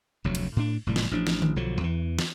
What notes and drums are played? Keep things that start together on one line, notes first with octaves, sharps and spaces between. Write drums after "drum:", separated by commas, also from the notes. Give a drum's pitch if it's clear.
F1 D2 F#3
drum: cymbal
A2 D4
F1 A2 G3
drum: snare
A1 F3 D4
drum: snare
drum: tom D3
B1 D3 F3 F#3
E2 E3
drum: snare